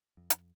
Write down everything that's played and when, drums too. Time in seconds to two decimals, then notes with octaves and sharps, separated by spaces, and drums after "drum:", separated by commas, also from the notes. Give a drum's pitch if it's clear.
0.17 F2
0.30 drum: hi-hat